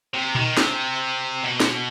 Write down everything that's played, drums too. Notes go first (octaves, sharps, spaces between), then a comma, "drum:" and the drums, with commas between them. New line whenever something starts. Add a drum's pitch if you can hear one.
C3
D#3, drum: tom A#2
C3, drum: snare
B2
drum: snare